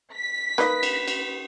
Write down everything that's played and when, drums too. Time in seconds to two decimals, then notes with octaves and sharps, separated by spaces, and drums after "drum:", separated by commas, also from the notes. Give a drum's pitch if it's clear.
0.15 B6
0.58 A#3 D#4 B4 D#5, drum: snare
0.83 drum: cymbal
1.08 drum: cymbal